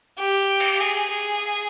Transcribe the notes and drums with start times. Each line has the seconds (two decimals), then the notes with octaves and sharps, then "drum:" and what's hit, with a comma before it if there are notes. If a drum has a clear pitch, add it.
0.19 G4
0.60 drum: cymbal
0.80 G#4
1.11 G#4